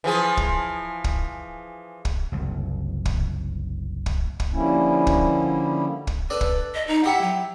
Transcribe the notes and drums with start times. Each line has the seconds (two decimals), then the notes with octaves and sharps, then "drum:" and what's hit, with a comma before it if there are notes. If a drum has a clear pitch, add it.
0.04 E3 F3 G#4
0.37 drum: kick
1.04 drum: kick
2.05 drum: kick
2.32 F#1 C2
3.05 drum: kick
4.06 drum: kick
4.40 drum: kick
4.53 D3 F3 G3 A#3 C#4 E4
5.07 drum: kick
6.07 drum: kick
6.30 D4 A4 B4 D5
6.41 drum: kick
6.74 D#5
6.88 D#4
7.04 E4 G4 E5 F#5
7.21 F#3